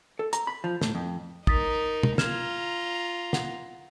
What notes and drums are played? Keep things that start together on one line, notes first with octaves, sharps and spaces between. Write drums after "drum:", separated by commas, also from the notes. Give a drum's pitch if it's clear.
A4
A#5, drum: hi-hat
B5
F3
A2, drum: snare
F2
D#4 A#4 D#6 A6 B6, drum: kick
drum: tom
F4 A#5 F6 G#6 E7, drum: snare
F#5, drum: snare